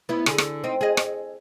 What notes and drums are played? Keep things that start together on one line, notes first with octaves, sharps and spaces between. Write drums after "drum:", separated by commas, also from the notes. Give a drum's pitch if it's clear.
B3 E4
D3 G#4, drum: rim click
drum: rim click
C4 D#4
G#4 D#5
drum: rim click